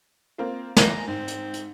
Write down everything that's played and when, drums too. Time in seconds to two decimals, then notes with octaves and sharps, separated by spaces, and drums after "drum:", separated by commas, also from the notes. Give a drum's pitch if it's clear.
0.38 A#3 C4 F4
0.76 G#5 A#5, drum: snare
1.07 G#2 C4
1.28 drum: hi-hat
1.53 drum: hi-hat